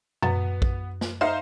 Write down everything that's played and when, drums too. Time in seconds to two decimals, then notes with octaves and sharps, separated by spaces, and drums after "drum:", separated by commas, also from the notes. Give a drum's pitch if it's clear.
0.23 F#2 B3, drum: tom A#2
0.62 drum: kick
1.01 drum: snare
1.21 D#4 C5 E5 F5